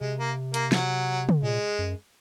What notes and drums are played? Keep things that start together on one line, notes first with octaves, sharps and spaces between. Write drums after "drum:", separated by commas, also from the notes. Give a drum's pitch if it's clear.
C3 G#3
A#3
A#3, drum: hi-hat
F#3, drum: snare
drum: tom
A#2 G#3
F#2